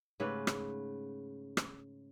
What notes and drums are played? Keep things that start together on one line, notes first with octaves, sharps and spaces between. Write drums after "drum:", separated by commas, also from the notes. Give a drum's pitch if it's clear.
G#2 C#3 A3 B4
drum: rim click
drum: rim click